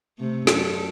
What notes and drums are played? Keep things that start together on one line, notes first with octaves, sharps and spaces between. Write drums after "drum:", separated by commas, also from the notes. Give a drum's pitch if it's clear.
C3 A3
F#2 D4 A4, drum: snare